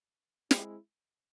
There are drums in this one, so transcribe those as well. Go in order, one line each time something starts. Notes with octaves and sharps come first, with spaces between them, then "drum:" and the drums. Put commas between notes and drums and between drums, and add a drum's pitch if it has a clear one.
G#3 C4 E4, drum: snare